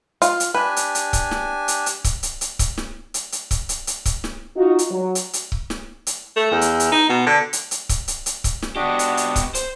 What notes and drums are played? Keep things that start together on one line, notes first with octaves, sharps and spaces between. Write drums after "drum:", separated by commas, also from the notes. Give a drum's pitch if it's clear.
F4, drum: hi-hat
drum: hi-hat
D4 G4 B4 G#5
drum: hi-hat
drum: hi-hat
drum: kick C#1, hi-hat
drum: snare
drum: hi-hat
drum: hi-hat
drum: kick C#1, hi-hat
drum: hi-hat
drum: hi-hat
drum: kick C#1, hi-hat
drum: snare
drum: hi-hat
drum: hi-hat
drum: kick C#1, hi-hat
drum: hi-hat
drum: hi-hat
drum: kick C#1, hi-hat
drum: snare
D#4 F4 F#4
drum: hi-hat
F#3
drum: hi-hat
drum: hi-hat
drum: kick C#1
drum: snare
drum: hi-hat
A3
E2
drum: hi-hat
drum: hi-hat
D#4
B2
D3
drum: hi-hat
drum: hi-hat
drum: kick C#1, hi-hat
drum: hi-hat
drum: hi-hat
drum: kick C#1, hi-hat
drum: snare
B3 D4 F#4 G4 D#5
drum: hi-hat
drum: hi-hat
drum: kick C#1, hi-hat
C5, drum: hi-hat